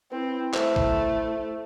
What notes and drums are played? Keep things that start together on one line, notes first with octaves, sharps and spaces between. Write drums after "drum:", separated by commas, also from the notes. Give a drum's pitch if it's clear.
C4 E4 B4
A3 C5, drum: clap
drum: kick A1